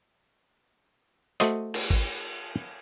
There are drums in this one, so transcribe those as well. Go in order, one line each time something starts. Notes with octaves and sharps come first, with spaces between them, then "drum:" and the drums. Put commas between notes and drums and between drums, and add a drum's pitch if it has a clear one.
A3 F#4 C5 D#5, drum: hi-hat
drum: cymbal
drum: kick